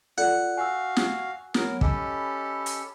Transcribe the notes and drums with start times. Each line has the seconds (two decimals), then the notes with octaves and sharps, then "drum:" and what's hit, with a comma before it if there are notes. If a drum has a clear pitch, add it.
0.18 F4 A4 D5 F#5
0.57 F#4 F5 G#5 E6
0.97 drum: snare
1.54 F#3 B3 A#4 C#5, drum: snare
1.81 C#4 G4 A4 D#5 B5, drum: kick
2.66 drum: hi-hat